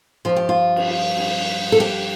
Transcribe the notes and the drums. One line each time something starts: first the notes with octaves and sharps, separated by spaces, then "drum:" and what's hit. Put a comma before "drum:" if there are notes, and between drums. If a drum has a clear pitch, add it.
G2 F3 F4
G4
F4
drum: cymbal
drum: cymbal
A4
G4